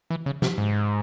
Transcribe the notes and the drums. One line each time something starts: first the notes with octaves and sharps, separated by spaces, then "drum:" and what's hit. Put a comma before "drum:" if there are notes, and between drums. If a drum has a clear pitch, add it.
E3
C#3
C3, drum: snare
G#2